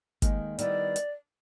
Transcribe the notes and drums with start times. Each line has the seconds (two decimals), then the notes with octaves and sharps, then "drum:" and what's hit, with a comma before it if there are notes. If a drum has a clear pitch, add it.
0.22 D#2 D#3 G#3, drum: kick G1, hi-hat
0.59 D#3 G3 B3 E4 D5, drum: hi-hat
0.96 drum: hi-hat